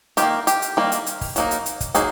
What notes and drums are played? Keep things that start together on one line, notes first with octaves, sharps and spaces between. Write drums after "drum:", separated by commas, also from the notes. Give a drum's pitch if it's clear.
D#3 G3 G4, drum: hi-hat
A#3
G4, drum: hi-hat
drum: hi-hat
D#3 G3 A#3
drum: hi-hat
drum: hi-hat
drum: kick, open hi-hat
F#3 A#3 D#4, drum: hi-hat
drum: hi-hat
drum: hi-hat
drum: kick, hi-hat
F#3 A#3 D#4 G#4, drum: hi-hat